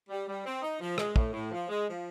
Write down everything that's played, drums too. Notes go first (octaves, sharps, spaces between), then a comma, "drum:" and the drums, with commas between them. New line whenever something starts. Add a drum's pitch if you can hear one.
G3
G3
C4
D#4
F3
G#3, drum: rim click
A2, drum: kick
A2
F3
G#3
F3